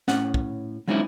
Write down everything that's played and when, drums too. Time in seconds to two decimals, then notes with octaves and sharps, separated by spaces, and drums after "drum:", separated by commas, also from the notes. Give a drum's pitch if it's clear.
0.08 A2 C#4 F#5, drum: snare
0.34 drum: kick
0.88 F#3 G#3 C4 C#4 D#4 E4